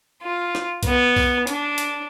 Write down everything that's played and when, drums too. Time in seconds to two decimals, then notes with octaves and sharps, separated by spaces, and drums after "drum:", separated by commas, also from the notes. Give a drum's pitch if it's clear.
0.21 F4
0.55 drum: snare
0.83 B3, drum: kick C2, hi-hat
1.16 drum: kick C2, open hi-hat
1.47 D4, drum: hi-hat
1.78 drum: hi-hat